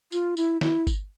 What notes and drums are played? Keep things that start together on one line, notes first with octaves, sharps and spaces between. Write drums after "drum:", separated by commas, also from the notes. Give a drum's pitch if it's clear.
F4, drum: tambourine
E4, drum: tambourine
E4, drum: snare
drum: kick G1, tambourine